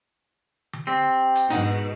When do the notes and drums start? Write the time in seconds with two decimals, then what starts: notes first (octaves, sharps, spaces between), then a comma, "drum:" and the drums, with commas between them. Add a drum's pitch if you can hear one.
0.73 drum: tom D3
0.87 C4 G4
1.35 drum: hi-hat
1.50 G#2 B2 D#4 F#5, drum: hi-hat